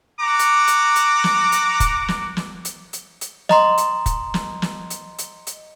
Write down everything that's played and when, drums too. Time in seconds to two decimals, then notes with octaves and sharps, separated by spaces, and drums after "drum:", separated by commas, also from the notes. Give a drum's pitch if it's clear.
0.19 F#4 A#5 D6
0.39 drum: hi-hat
0.67 drum: hi-hat
0.96 drum: hi-hat
1.24 drum: snare
1.52 drum: hi-hat
1.80 drum: kick, hi-hat
2.08 drum: snare
2.37 drum: snare
2.65 drum: hi-hat
2.93 drum: hi-hat
3.21 drum: hi-hat
3.49 D#5 A#5 C6, drum: snare
3.78 drum: hi-hat
4.06 drum: kick, hi-hat
4.34 drum: snare
4.62 drum: snare
4.90 drum: hi-hat
5.18 drum: hi-hat
5.47 drum: hi-hat